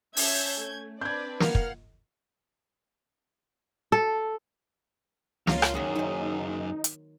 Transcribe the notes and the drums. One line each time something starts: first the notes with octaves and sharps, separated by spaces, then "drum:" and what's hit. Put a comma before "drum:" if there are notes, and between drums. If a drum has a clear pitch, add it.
C#4 E5 A5 E6 G6 G#6, drum: open hi-hat
A3
C4 D4 B4 D5 G6 G#6
A#4 F5 F#5 F6, drum: snare
drum: kick
A4
C#2 F#3 F4 A#4 F5, drum: snare
drum: rim click
F#2 D#3 F#3 A#3 G#4
F#3 D#4 C5
drum: hi-hat